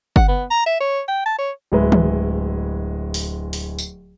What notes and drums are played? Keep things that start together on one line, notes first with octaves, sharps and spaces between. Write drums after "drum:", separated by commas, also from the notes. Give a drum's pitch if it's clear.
F#5, drum: kick G1
B3
A#5
E5
C#5
G5
A5
C#5
D1 G#3 B4 E5
drum: tom D#3
drum: open hi-hat
drum: open hi-hat
drum: tambourine